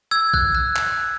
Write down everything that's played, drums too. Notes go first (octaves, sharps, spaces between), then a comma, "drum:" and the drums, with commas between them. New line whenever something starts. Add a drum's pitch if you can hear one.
E6 G#6
F#6, drum: kick
F#6
drum: clap